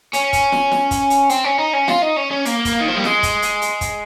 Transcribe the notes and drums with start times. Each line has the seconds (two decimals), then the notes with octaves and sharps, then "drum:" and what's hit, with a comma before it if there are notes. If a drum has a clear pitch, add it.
0.13 C#4, drum: hi-hat
0.33 drum: kick, hi-hat
0.52 drum: snare
0.71 drum: snare
0.91 drum: kick, hi-hat
1.10 drum: hi-hat
1.29 C4, drum: hi-hat
1.44 C#4
1.59 D#4
1.73 C#4
1.88 F4, drum: snare
2.02 D#4
2.16 C#4
2.31 C#4
2.45 A#3, drum: hi-hat
2.65 drum: kick, hi-hat
2.80 D#3
2.88 F3
2.96 G3
3.04 G#3, drum: snare
3.23 drum: kick, hi-hat
3.42 drum: hi-hat
3.62 drum: hi-hat
3.81 drum: kick, hi-hat